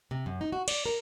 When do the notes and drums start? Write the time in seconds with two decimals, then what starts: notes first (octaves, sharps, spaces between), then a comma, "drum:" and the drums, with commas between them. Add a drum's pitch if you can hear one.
0.11 C3
0.26 F#2
0.41 D#4
0.52 F#4
0.68 D5, drum: cymbal
0.86 A#4